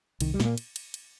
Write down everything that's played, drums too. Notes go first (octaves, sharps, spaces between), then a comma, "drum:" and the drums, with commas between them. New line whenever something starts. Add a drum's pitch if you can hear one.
C2 D#3, drum: cymbal
G3
A#2, drum: snare
A#3
drum: cymbal
drum: cymbal
drum: cymbal